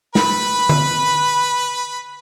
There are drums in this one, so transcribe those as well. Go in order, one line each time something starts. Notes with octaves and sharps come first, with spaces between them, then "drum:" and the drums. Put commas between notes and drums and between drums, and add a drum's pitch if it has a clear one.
B4 B5, drum: snare
drum: tom D3